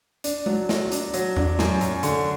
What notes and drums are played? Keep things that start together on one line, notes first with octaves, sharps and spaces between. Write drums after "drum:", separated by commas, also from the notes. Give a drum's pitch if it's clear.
D4, drum: hi-hat
F#3, drum: tom G#3
F#3, drum: snare
D4, drum: hi-hat
F#3, drum: hi-hat
D4, drum: tom E2
F#2, drum: snare
F#2, drum: hi-hat
D3, drum: hi-hat